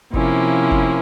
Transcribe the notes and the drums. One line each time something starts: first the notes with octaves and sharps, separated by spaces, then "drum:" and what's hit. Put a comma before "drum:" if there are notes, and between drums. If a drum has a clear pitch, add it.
C3 F3 A#3 C#4 E4, drum: kick
drum: kick